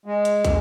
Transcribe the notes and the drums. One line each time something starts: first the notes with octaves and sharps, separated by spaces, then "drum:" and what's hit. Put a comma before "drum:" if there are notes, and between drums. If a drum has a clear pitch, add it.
G#3
drum: hi-hat
drum: kick, hi-hat